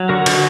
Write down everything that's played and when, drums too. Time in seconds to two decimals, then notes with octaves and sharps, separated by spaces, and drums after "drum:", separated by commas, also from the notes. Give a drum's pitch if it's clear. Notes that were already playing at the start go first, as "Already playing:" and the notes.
Already playing: F#3
0.09 D3 F#4 A#4
0.26 D3, drum: cymbal